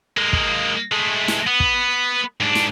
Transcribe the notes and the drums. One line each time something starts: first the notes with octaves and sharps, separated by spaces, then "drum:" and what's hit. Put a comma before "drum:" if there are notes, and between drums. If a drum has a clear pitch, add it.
G#3 A#3
drum: kick
G#3 A3
drum: snare
B3
drum: kick
G#2 D4
drum: snare